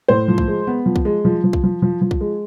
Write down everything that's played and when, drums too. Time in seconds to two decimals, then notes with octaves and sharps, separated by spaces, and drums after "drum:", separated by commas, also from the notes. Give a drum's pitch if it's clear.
0.08 A2 C5
0.28 F3
0.38 drum: kick B1
0.48 G#3
0.67 B3
0.86 F3
0.96 drum: kick B1
1.05 G#3
1.25 F3
1.44 F3
1.53 drum: kick B1
1.63 F3
1.82 F3
2.01 F3
2.11 drum: kick B1
2.21 G#3